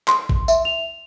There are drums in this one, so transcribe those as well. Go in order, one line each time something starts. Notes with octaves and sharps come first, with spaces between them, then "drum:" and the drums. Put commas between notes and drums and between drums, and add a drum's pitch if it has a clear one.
C6, drum: clap
drum: kick A1
E5, drum: tambourine
F7